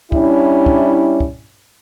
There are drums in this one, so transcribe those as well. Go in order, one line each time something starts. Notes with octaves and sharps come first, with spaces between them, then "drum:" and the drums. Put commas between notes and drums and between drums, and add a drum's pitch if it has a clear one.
G3 C#4 D4 E4, drum: kick
drum: kick
drum: kick